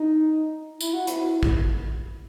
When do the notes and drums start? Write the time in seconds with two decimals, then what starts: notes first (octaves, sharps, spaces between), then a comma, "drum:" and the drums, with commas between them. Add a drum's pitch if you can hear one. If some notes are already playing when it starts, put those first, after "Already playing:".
Already playing: D#4
0.81 E4, drum: tambourine
0.93 F#4
1.07 E4, drum: hi-hat
1.43 drum: kick